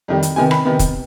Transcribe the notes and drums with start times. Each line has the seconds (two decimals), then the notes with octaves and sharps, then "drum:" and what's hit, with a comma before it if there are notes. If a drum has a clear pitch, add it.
0.08 F2 D#3 G3
0.23 drum: hi-hat
0.36 C3 D#3 B3 G#5
0.51 B5, drum: rim click
0.65 C3 D#3 B3
0.79 drum: kick, hi-hat